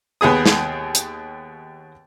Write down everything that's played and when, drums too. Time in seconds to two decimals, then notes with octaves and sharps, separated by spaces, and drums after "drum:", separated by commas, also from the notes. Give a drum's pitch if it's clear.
0.21 D#2 B3 G#4 D#6
0.46 drum: snare
0.95 drum: hi-hat